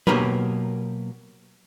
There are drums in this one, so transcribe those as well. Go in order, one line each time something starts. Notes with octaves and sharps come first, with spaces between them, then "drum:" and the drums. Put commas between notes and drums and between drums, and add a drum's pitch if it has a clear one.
B2 F#3 A#3 G4 A#4 B4, drum: tom F#3